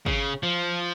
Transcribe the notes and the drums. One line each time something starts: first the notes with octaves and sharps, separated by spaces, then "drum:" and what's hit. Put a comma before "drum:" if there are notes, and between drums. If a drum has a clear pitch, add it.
C#3, drum: kick
F3